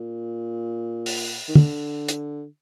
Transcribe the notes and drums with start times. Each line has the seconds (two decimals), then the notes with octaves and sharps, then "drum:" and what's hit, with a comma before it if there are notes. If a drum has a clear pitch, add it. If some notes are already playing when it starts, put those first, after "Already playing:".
Already playing: A#2
1.06 drum: open hi-hat
1.48 D#3
1.55 D3, drum: tom
2.08 drum: hi-hat